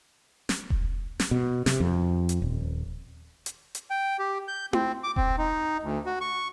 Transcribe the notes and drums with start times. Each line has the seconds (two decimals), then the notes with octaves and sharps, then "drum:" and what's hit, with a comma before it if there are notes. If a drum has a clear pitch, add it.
0.49 drum: snare
0.70 drum: kick E1
1.20 drum: snare
1.31 B2
1.66 C3, drum: snare
1.80 F2
2.29 drum: hi-hat
2.42 D#1
3.46 drum: hi-hat
3.75 drum: hi-hat
3.91 G5
4.19 G4
4.48 G6
4.73 C4, drum: tom E4
5.04 D6
5.16 C4, drum: kick E1
5.39 D#4
5.83 D2
6.06 F#4
6.21 C#6